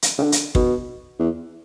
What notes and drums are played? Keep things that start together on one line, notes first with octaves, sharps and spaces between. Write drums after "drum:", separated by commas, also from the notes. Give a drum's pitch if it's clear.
drum: hi-hat
C#3
D3
drum: hi-hat
B2, drum: kick
E2